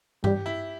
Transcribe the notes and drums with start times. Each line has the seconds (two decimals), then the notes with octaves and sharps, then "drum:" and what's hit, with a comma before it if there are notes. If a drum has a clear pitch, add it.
0.24 G3 G4, drum: tom G2
0.46 E4